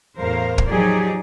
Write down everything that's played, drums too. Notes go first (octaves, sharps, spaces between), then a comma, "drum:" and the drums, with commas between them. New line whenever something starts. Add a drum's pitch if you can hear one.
E2 A2 A#4 C5 F5
drum: kick
F3 F#3 D#4 G4 G#4 D5